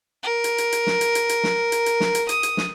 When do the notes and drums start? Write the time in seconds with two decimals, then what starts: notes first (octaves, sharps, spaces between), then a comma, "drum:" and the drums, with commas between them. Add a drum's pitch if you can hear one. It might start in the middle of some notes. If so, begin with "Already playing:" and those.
0.23 A#4
0.44 drum: hi-hat
0.58 drum: hi-hat
0.72 drum: hi-hat
0.87 drum: snare
1.01 drum: hi-hat
1.15 drum: hi-hat
1.29 drum: hi-hat
1.44 drum: snare
1.72 drum: hi-hat
1.86 drum: hi-hat
2.00 drum: snare
2.15 drum: hi-hat
2.29 D#6, drum: hi-hat
2.43 drum: hi-hat
2.57 drum: snare